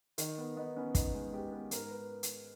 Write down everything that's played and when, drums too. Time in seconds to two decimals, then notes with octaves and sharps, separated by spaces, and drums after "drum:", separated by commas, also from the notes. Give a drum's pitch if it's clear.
0.18 D#3 D#4, drum: hi-hat
0.38 B3
0.56 B3 D#4
0.76 B3 C#4
0.95 B3 D#4, drum: kick, hi-hat
1.14 G#3
1.33 G#3 G4
1.52 B3
1.71 G#2 A#4, drum: hi-hat
1.91 B4
2.23 drum: hi-hat